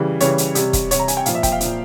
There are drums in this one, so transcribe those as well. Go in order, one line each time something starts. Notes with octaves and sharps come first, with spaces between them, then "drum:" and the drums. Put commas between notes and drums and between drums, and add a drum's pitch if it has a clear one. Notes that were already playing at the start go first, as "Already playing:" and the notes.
Already playing: C#3 E3 G3
C#3 E3 G3 C#5, drum: hi-hat
drum: hi-hat
C3 G3, drum: hi-hat
drum: kick E1, hi-hat
C3 G3 C#5, drum: hi-hat
A#5
G#5, drum: hi-hat
G5
A#2 F3 F5, drum: hi-hat
E5
G5, drum: kick E1, hi-hat
F5
A#2 F3, drum: hi-hat